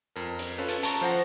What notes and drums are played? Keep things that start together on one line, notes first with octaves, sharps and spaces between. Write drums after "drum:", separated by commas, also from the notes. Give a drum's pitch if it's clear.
F2 A#4
drum: hi-hat
C#4 F4 A4 B4
drum: hi-hat
A5 A#5 C#6, drum: hi-hat
F3 C5 F#5 A#6